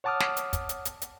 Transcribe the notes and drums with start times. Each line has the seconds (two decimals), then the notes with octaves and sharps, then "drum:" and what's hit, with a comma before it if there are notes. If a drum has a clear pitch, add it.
0.04 C#5 F#5 A5 D6 D#6 F6
0.20 drum: snare
0.37 drum: hi-hat
0.53 drum: kick, hi-hat
0.69 drum: hi-hat
0.85 drum: hi-hat
1.02 drum: hi-hat